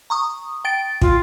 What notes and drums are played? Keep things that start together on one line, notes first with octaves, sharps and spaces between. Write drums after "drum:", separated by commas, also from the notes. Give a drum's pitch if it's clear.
A#5 C#6 D#6
G5 A6 D7
F4, drum: kick